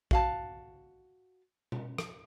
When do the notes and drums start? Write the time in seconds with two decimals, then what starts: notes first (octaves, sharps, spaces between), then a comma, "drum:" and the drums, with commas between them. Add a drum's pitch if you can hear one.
0.11 F#4 F5 A5, drum: kick A#1
1.72 drum: tom B2
1.98 drum: rim click